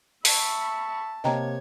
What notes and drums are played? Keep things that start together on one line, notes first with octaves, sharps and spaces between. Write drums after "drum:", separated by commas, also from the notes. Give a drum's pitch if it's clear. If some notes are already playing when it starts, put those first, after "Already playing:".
E5 A5 B5 C#6, drum: open hi-hat
C3 A#3 C#5 D#5 G5 A#5 G#6